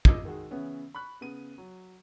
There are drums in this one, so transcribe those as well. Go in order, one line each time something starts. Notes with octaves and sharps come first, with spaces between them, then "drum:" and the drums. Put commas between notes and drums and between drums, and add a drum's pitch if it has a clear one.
F4 D#5 D6 E6, drum: kick
D#3 G#3 F#4 G#4
C#3 E3 B3 C#4
B5 C#6 F#6
C#3 B3 D#7
F#3